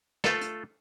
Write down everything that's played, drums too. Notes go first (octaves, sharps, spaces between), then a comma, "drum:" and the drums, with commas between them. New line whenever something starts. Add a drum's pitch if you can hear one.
A3 F4 A4, drum: snare
drum: hi-hat